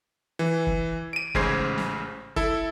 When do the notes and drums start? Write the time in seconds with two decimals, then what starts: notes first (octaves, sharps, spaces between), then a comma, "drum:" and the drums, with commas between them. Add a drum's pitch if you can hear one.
0.39 E3
0.67 drum: kick
1.13 D7 D#7
1.35 A1 G#2 C#3 C5 G#6 C7, drum: kick
1.78 drum: snare
2.36 E4 A4, drum: kick